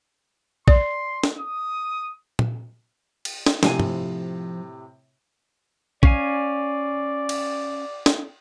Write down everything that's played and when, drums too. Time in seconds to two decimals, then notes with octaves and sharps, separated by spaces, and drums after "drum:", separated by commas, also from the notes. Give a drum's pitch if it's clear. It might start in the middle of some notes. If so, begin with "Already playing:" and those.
0.68 D5 C6, drum: kick
1.24 drum: snare
1.37 D#6
2.39 drum: tom A#2
3.25 drum: cymbal
3.46 drum: snare
3.63 A2 C3 F3 F4 G#5, drum: snare
3.80 drum: tom
6.03 C#4 D5 F5 G#5, drum: kick
7.29 drum: cymbal
8.06 drum: snare